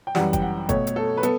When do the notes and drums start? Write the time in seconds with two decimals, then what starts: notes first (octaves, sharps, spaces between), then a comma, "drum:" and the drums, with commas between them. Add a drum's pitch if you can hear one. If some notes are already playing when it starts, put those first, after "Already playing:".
0.07 G5
0.15 F#2 E3 G3 F#5, drum: snare
0.33 G5, drum: kick G1, hi-hat
0.42 F#5
0.69 B2 A3 C#5, drum: kick G1, hi-hat
0.87 drum: hi-hat
0.96 A4
1.17 B4
1.23 B3 A4, drum: hi-hat